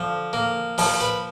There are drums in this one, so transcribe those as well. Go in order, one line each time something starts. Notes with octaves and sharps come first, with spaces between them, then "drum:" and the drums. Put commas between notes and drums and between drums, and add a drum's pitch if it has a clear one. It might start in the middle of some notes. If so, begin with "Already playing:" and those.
Already playing: D3 F3
A#3
F3, drum: open hi-hat
B4